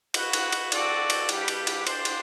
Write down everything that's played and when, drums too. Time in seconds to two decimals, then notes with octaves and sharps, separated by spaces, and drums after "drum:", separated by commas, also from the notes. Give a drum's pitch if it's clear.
0.14 F#4 B4 F#5, drum: cymbal
0.33 drum: cymbal
0.52 drum: cymbal
0.72 C4 F#4 A4 D5, drum: cymbal
1.10 drum: cymbal
1.29 G3 D4 G4 B4, drum: cymbal
1.48 drum: cymbal
1.67 drum: cymbal
1.87 D4 G4 C5, drum: cymbal
2.05 drum: cymbal